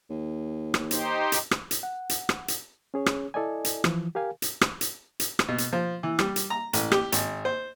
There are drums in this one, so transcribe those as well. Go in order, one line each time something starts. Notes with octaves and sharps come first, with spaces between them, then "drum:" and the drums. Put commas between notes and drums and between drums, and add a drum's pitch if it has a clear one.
D#2
drum: rim click
D#4 G4 C5, drum: hi-hat
drum: hi-hat
drum: rim click
drum: hi-hat
F#5
drum: hi-hat
drum: rim click
drum: hi-hat
C#4 G#4 C#5
drum: rim click
E4 A4 D5 D#5 G#5
drum: hi-hat
E3 F3, drum: rim click
G4 A#4 F5 G#5
drum: hi-hat
drum: rim click
drum: hi-hat
drum: hi-hat
drum: rim click
B2
drum: hi-hat
F3
E3
G3, drum: rim click
drum: hi-hat
A#5
A1, drum: hi-hat
G4, drum: rim click
G#1, drum: hi-hat
C5